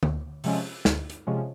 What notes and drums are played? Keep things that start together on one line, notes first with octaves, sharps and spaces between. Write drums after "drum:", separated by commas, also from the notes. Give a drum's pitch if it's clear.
D2, drum: tom D3
C3 F3 G#3 C#4, drum: open hi-hat
D2, drum: snare
drum: hi-hat
C3 F3 G#3 C#4